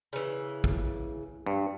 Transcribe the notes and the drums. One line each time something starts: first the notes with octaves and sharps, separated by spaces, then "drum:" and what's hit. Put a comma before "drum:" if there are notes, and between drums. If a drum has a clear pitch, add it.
C#3 E3
drum: kick
G2